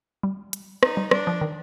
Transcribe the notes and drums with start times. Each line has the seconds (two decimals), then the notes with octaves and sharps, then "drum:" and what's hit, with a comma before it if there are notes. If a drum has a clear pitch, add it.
0.23 G3
0.53 drum: hi-hat
0.83 D#4, drum: rim click
0.97 G3
1.11 G3 D4, drum: rim click
1.27 F3
1.41 D#3